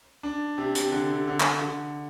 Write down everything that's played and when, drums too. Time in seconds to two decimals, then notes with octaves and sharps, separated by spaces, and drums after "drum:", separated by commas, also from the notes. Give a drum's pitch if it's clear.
0.23 D4
0.58 C3
0.75 C3, drum: hi-hat
0.92 D3
1.10 C3
1.27 D3
1.40 drum: clap
1.61 D3